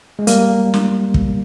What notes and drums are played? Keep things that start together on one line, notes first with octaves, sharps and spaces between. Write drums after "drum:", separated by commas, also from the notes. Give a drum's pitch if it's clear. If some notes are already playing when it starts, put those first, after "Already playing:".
G#3
G3 A#3, drum: hi-hat
drum: snare
drum: kick